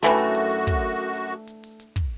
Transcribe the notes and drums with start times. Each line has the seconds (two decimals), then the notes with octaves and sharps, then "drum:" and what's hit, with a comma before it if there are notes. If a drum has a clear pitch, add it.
0.03 F#2 D3 E3 G3 A3 F#4
0.19 drum: hi-hat
0.35 drum: open hi-hat
0.51 drum: hi-hat
0.67 drum: kick, hi-hat
0.99 drum: hi-hat
1.15 drum: hi-hat
1.48 drum: hi-hat
1.64 drum: open hi-hat
1.80 drum: hi-hat
1.96 drum: kick, hi-hat